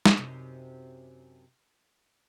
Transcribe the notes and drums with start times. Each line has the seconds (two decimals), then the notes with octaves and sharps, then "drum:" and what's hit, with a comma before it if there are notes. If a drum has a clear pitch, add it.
0.06 drum: snare
0.17 F#2 C3 D#4